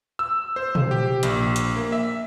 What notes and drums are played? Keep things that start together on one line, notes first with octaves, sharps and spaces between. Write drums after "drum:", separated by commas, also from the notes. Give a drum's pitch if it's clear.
E6
C5
drum: tom
G4
A#1, drum: hi-hat
drum: hi-hat
A#3
E5